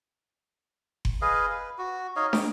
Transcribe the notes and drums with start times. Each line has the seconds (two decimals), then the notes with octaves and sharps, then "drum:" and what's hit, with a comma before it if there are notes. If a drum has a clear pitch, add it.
1.05 drum: kick F#1
1.22 G#4 B4 D#5 F5
1.50 B4
1.78 F#4
2.16 D#4 C#5 D#5 F5
2.33 D6, drum: snare